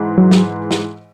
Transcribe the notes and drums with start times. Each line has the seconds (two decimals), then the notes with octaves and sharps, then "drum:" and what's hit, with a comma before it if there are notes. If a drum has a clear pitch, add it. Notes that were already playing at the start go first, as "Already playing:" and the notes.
Already playing: G#2 E3
0.18 F#3
0.31 drum: snare
0.71 drum: snare